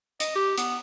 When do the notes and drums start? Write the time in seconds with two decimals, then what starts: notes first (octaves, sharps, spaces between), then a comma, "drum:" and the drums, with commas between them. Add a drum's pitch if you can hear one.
0.20 D#5, drum: hi-hat
0.35 G4
0.58 B3, drum: hi-hat